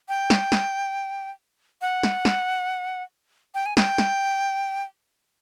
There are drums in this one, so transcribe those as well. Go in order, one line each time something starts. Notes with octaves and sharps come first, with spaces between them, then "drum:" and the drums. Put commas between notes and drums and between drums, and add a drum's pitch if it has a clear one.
G5
drum: snare
drum: snare
F#5
drum: snare
drum: snare
G5
G#5
G5, drum: snare
drum: snare